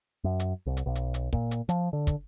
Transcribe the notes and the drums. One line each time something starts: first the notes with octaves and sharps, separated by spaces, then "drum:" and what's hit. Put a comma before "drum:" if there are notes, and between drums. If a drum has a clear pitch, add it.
F#2
drum: hi-hat
C2
drum: hi-hat
B1
drum: hi-hat
drum: hi-hat
A#2, drum: kick
drum: hi-hat
F3, drum: hi-hat
D3
drum: kick, hi-hat